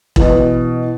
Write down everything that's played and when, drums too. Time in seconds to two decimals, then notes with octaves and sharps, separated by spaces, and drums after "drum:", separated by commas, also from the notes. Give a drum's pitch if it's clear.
0.16 B2 E3, drum: kick E1